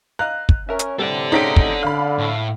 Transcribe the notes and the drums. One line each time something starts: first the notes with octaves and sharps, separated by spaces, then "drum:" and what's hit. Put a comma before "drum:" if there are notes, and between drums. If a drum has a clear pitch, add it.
D#5 F5 A#5 F#6
drum: kick
C#4 A#4 E5
drum: hi-hat
A2 C3 G3 A4 D5
C4 C#4 D#4 G#4 B6 D7
drum: kick
D3 F5 B5
A2